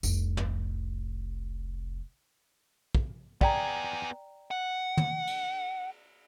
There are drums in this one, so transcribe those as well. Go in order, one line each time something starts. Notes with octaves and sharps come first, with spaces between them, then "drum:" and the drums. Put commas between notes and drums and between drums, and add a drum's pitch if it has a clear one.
F1 C2, drum: tambourine
drum: tom
drum: kick
B3 G#4 D5 G5 A#5, drum: kick
F#5
drum: tom
drum: cymbal